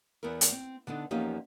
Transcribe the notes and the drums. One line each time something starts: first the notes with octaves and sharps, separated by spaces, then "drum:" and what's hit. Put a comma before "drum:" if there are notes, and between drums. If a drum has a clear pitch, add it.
E2 B3 E4 A#4
drum: hi-hat
C4
D3 B3 D4 D#4
E2 F3 A#3 C#4 D#4 G4